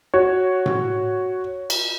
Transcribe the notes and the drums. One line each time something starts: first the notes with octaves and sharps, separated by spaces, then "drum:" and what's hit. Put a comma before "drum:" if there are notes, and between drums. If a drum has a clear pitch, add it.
F#4 C#5
drum: tom A2
drum: cymbal